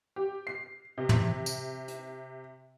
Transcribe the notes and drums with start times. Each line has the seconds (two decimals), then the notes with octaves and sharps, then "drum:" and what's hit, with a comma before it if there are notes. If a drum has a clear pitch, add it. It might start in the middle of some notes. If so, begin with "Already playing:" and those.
0.16 G4
0.47 C7
0.98 C3
1.09 drum: tom
1.46 drum: tambourine
1.88 drum: hi-hat